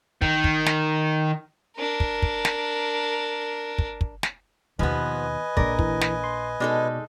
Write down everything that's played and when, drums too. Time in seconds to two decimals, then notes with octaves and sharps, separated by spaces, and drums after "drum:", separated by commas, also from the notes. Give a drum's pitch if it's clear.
0.22 D#3, drum: kick
0.44 drum: kick
0.66 drum: snare
1.77 D4 A#4
2.00 drum: kick
2.22 drum: kick
2.45 drum: snare
3.78 drum: kick
4.01 drum: kick
4.23 drum: snare
4.79 D#2 B2 F3 B3 B4 D#5 G#5
5.57 A#1 D4 A#4 D5, drum: kick
5.79 E3, drum: kick
6.01 drum: snare
6.24 C6
6.60 B2 G#3 D#4 A4 D5